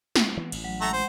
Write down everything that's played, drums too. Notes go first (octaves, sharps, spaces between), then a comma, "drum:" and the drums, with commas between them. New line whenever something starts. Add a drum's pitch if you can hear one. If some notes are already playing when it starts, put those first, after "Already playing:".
drum: snare
E3 B3
A1, drum: cymbal
F#3
G#3 A3 F#5 A#5
C5